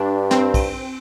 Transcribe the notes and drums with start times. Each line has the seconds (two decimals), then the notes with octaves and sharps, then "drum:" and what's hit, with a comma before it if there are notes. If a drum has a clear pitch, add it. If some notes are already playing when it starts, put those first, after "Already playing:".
Already playing: G2 D4
0.31 C4, drum: snare
0.54 drum: kick, cymbal